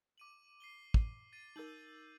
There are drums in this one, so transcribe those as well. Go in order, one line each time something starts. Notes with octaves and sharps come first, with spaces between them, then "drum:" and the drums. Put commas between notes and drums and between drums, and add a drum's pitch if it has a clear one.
D6 D#7 F#7
C7 D#7 G7
drum: kick
A6 C7 D#7
D#4 A#4 E6 G6 F#7